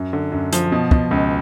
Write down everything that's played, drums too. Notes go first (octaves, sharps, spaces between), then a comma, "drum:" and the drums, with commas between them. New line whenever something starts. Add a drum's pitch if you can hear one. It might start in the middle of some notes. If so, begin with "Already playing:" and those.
Already playing: F#2
D3
F#2
F3, drum: hi-hat
B2
B2, drum: kick
C#2